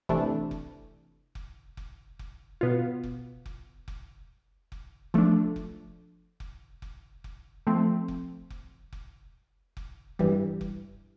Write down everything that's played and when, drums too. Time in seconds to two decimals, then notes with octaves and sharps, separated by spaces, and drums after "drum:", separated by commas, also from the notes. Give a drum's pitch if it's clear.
0.09 C3 E3 A3 D4, drum: kick F1
0.51 drum: kick F1
1.35 drum: kick F1
1.77 drum: kick F1
2.19 drum: kick F1
2.61 B2 B3 F4
3.03 drum: kick F1
3.46 drum: kick F1
3.88 drum: kick F1
4.72 drum: kick F1
5.14 F3 A3 D4, drum: kick F1
5.56 drum: kick F1
6.40 drum: kick F1
6.82 drum: kick F1
7.24 drum: kick F1
7.67 F3 A3 C4
8.08 drum: kick F1
8.50 drum: kick F1
8.92 drum: kick F1
9.77 drum: kick F1
10.19 G2 E3 G3, drum: kick F1
10.61 drum: kick F1